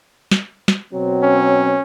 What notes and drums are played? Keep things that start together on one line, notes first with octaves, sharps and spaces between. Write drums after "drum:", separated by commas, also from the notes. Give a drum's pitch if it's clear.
drum: snare
drum: snare
B2 F#3 C4
C#4